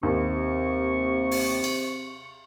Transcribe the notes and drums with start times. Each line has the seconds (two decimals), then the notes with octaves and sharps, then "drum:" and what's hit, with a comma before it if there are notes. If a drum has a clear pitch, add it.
0.03 D#2 C3 C#6
1.31 drum: open hi-hat
1.64 drum: cymbal